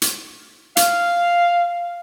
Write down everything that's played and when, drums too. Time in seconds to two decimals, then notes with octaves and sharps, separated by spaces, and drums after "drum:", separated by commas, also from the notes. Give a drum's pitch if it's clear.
0.02 drum: hi-hat
0.77 F5, drum: hi-hat